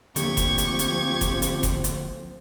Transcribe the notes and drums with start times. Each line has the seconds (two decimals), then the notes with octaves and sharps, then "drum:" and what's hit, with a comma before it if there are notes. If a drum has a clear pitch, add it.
0.16 D2 D3 F3 A#3 C4 G4 C#6 G#6, drum: hi-hat
0.37 drum: kick F1, hi-hat
0.58 drum: hi-hat
0.79 drum: hi-hat
1.21 drum: kick F1, hi-hat
1.42 drum: hi-hat
1.63 drum: kick F1, hi-hat
1.84 drum: hi-hat